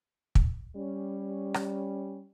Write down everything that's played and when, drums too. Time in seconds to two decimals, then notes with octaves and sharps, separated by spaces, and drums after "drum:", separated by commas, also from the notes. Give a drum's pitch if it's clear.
0.35 drum: kick
0.76 G3 C#4
1.54 drum: rim click